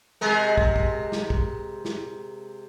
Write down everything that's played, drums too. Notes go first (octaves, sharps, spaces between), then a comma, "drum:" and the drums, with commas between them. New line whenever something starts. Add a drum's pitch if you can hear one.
C3 G#3 A#4
drum: kick
drum: kick
drum: snare
drum: kick
drum: snare